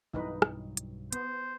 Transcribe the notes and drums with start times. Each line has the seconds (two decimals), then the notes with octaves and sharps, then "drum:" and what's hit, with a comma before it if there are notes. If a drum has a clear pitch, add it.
0.13 B1 G2 E3 F#3 D#4 B4
0.42 drum: rim click
0.77 drum: hi-hat
1.12 B3 C5, drum: hi-hat